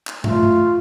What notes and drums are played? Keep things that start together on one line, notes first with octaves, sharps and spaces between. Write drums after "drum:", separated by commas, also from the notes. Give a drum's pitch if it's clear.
drum: clap
A3 F4, drum: tom G2